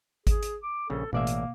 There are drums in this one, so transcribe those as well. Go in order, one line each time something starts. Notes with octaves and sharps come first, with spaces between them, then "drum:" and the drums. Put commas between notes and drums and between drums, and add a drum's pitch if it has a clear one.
G#4, drum: kick G#1, hi-hat
drum: hi-hat
D6
A#1 C#3 A4
A1 A#3 D5 E5, drum: tom B2
drum: hi-hat